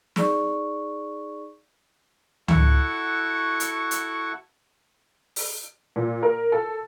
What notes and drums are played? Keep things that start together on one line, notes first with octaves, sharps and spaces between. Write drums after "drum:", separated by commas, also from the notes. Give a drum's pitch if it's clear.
D#4 G#4 D5 C#6, drum: snare
E4 F#4 A4 F#5 C#6, drum: tom C#2
drum: hi-hat
drum: hi-hat
drum: open hi-hat
A#2
A#4
A4